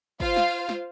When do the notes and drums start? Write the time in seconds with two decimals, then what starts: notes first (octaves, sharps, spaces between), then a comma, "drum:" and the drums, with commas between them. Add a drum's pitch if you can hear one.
0.20 F4 C5 F5, drum: kick
0.36 drum: snare
0.69 drum: snare